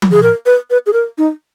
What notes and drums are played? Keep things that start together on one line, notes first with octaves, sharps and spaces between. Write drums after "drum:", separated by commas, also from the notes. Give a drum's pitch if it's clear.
drum: tom F3
G#4
A#4
B4
B4
G#4
A#4
D#4